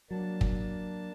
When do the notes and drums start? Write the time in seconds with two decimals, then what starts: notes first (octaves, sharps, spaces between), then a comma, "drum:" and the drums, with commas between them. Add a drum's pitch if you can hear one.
0.11 F#3 A#3 D4 A5
0.41 drum: kick